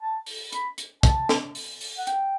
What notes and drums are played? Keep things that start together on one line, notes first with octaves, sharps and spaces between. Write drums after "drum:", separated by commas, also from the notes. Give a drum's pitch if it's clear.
A5
drum: open hi-hat
B5, drum: hi-hat
drum: hi-hat
A5, drum: kick, hi-hat
drum: snare
drum: open hi-hat
drum: open hi-hat
F#5
G5, drum: hi-hat